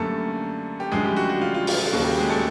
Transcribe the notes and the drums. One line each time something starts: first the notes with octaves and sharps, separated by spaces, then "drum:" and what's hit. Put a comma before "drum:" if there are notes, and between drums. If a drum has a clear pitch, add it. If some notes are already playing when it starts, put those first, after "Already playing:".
Already playing: F#2 D3 G3 A3 A#3 A4
G4
F#2 D3 F3 G#3 A3 G#4
G3 G4
F#4
F#4
F4
F4
F4, drum: open hi-hat
F4
D#2 C#3 F#3 A#3 F#4
G3 G4
G#3 G#4
A3 A4